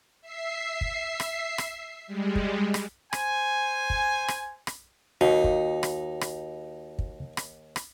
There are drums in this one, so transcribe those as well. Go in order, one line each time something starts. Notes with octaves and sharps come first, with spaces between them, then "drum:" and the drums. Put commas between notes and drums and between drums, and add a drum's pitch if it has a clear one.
E5 C7
drum: kick
drum: rim click
drum: rim click
G3 G#3
drum: kick
drum: rim click
C5 G#5, drum: rim click
drum: kick
drum: rim click
drum: rim click
D#2 D#4 F#4
drum: kick
drum: rim click
drum: rim click
drum: kick
drum: rim click
drum: rim click